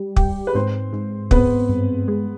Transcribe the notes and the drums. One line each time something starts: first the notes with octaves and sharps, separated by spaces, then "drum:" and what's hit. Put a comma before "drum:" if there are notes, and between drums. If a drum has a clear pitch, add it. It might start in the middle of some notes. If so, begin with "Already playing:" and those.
Already playing: G3
G4, drum: kick
B4
G#2 C4 C5
G#2
B3 C4 B4, drum: kick
G2
G#3